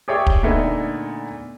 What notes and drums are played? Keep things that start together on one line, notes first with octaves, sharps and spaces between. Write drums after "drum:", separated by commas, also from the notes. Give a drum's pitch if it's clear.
G4 G#4 C#5 D5 E5 G5
drum: kick
A#2 D3 A3 B3 D#4 G#4